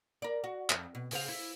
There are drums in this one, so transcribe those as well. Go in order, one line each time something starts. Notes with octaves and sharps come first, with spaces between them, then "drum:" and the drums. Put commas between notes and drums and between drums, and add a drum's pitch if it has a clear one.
A#4 D5
F#4
F2, drum: clap
B2
C#3 C5 F5, drum: open hi-hat
E4